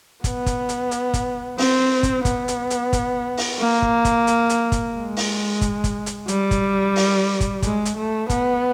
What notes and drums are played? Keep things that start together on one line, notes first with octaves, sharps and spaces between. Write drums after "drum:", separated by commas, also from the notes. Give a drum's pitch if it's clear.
B3, drum: kick, hi-hat
drum: kick, hi-hat
drum: hi-hat
drum: hi-hat
drum: kick, hi-hat
C4, drum: open hi-hat
drum: kick, hi-hat
B3, drum: kick, hi-hat
drum: hi-hat
drum: hi-hat
drum: kick, hi-hat
drum: open hi-hat
A#3
drum: kick
drum: kick, hi-hat
drum: hi-hat
drum: hi-hat
drum: kick, hi-hat
G#3
drum: open hi-hat
drum: kick, hi-hat
drum: kick, hi-hat
drum: hi-hat
G3, drum: hi-hat
drum: kick, hi-hat
drum: open hi-hat
drum: kick, hi-hat
G#3, drum: kick, hi-hat
drum: hi-hat
A3
B3, drum: kick, hi-hat